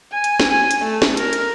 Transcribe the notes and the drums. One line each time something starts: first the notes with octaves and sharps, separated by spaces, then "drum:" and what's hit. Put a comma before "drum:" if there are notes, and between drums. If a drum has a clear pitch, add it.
G#5
drum: hi-hat
drum: snare
G#5
drum: hi-hat
A3
drum: snare
A#4, drum: hi-hat
drum: hi-hat